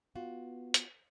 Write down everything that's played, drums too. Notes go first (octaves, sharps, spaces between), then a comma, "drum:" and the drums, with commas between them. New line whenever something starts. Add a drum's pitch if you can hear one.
B3 F4 F#4
drum: hi-hat